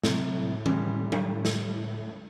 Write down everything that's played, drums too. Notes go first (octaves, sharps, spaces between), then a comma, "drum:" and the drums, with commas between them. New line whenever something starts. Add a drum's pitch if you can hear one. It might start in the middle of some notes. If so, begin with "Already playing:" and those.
A2 C3 F#3, drum: snare
D#3 G3 G#3, drum: tom
drum: tom F#3
drum: snare